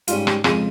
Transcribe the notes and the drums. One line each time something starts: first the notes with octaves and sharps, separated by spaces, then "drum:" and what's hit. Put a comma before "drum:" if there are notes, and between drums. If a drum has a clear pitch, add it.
G#2 G3 C#4 F4, drum: hi-hat
G4, drum: rim click
F2 C#3 G#3 G#4, drum: rim click